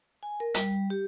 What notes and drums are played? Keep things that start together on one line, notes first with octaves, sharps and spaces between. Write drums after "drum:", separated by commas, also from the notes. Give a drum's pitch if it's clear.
G#5
A#4
G3, drum: hi-hat
G4